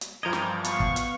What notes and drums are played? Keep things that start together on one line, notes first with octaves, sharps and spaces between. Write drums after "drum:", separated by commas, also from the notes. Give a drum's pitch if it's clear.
drum: hi-hat
G2 E3 F3 G3 G4 A#4 D#5 G#6
drum: snare
B3 F5 C#6, drum: hi-hat
drum: kick
drum: hi-hat